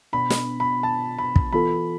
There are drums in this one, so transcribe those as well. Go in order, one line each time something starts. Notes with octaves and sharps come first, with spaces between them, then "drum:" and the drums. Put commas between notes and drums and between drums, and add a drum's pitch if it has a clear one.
B2 B3 D4 B5
drum: snare
B5
A5
B5
drum: kick
E3 B3 F4 A4 B5